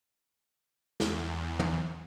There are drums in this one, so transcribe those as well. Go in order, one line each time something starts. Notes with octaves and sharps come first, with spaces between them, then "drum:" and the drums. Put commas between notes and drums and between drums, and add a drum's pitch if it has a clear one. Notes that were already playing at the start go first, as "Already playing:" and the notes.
E2, drum: snare
drum: tom